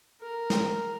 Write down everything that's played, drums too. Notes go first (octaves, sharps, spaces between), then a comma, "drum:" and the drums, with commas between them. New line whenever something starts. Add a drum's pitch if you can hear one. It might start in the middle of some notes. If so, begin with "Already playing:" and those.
A#4
drum: snare